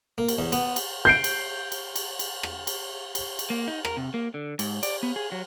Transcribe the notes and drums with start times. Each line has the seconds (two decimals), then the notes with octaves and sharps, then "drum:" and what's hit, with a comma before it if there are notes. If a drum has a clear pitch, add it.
0.18 A#3
0.28 drum: cymbal
0.38 E2
0.52 B3, drum: cymbal
0.76 drum: cymbal
1.05 G6 C7 D7
1.24 drum: cymbal
1.72 drum: cymbal
1.96 drum: cymbal
2.19 drum: cymbal
2.43 drum: rim click
2.67 drum: cymbal
3.15 drum: cymbal
3.39 drum: cymbal
3.50 A#3
3.68 D#4
3.85 A#4, drum: rim click
3.97 C3
4.14 A#3
4.34 D3
4.59 G#2, drum: cymbal
4.83 D5, drum: cymbal
5.03 B3
5.16 G#4
5.32 F#3